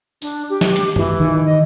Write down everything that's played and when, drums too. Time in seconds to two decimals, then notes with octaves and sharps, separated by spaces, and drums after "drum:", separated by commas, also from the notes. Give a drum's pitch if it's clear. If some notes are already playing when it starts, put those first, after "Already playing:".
0.22 D4, drum: tambourine
0.49 G4
0.61 drum: snare
0.76 drum: hi-hat
0.96 E3, drum: tom
1.20 D#3
1.45 D#5